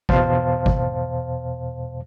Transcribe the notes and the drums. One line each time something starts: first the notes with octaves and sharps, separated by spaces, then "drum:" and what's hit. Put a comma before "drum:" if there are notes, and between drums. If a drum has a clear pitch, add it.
E2 B2 C5 F5 A5, drum: kick
drum: kick